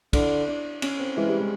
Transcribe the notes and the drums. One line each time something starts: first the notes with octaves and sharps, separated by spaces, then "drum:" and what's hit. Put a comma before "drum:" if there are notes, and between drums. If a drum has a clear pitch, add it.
D3 E4, drum: kick, cymbal
D4
C#4, drum: cymbal
C4
E3 G#3
G3
G#3